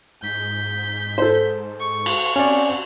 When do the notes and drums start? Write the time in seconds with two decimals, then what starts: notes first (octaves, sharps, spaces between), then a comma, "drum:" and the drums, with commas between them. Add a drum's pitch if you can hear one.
0.22 G#2 G6 B6
1.18 A4 C5
1.80 C#6
2.06 drum: cymbal
2.36 C4 C#4 D5